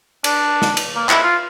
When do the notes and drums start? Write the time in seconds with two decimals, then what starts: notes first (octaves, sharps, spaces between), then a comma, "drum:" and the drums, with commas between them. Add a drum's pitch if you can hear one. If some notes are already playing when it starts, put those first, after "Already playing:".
0.24 D4, drum: cymbal
0.62 drum: snare
0.77 drum: cymbal
0.95 A#3
1.09 E4, drum: clap
1.23 F4